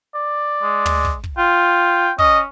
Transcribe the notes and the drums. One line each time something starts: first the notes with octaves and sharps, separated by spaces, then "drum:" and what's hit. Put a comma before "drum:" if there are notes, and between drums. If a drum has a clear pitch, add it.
D5
G#3
drum: tom
drum: kick
drum: kick
F4 G5
C#4 D#5, drum: kick